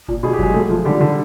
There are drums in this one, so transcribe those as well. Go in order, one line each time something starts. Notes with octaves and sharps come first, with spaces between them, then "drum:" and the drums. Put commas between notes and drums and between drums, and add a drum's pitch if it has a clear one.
A#2, drum: kick F#1
B2 G#4
G4
F#3 G#3 G#4, drum: kick F#1
A3
F3
D3 G3 G4
D3